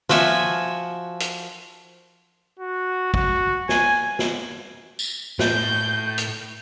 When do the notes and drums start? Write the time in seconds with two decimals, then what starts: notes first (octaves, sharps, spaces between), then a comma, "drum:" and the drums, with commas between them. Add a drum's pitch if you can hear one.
0.09 F3 F#4 E5 G#5, drum: snare
1.20 drum: hi-hat
2.59 F#4
3.14 F#4, drum: kick
3.69 G#5, drum: snare
4.19 drum: snare
4.99 drum: tambourine
5.39 A2 G6, drum: snare
6.18 drum: hi-hat